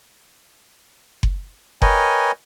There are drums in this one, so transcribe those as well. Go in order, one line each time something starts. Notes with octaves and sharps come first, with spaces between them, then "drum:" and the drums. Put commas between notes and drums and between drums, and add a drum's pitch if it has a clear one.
drum: kick F#1
A#4 B4 C#5 D#5 G5 G#5, drum: kick F#1